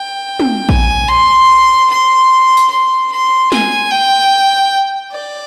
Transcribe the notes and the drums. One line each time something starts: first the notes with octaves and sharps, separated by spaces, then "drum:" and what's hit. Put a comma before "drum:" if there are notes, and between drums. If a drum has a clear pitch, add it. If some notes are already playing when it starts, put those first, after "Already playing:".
Already playing: G5
drum: tom
G#5, drum: kick A#1
C6
C6
drum: tambourine
C6
C6
G#5, drum: snare
G5
D5